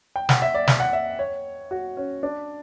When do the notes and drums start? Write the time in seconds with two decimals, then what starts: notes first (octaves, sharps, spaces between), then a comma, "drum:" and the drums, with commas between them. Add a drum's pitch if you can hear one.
0.16 G5
0.29 F#5, drum: snare
0.42 E5
0.54 D5
0.67 D5, drum: snare
0.80 F#5
0.93 E5
1.19 C#5
1.71 F#4
1.97 C#4
2.23 D4